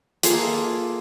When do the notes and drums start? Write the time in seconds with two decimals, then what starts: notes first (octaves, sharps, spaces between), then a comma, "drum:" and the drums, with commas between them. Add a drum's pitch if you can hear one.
0.23 A#3 F4 G#4 A4, drum: hi-hat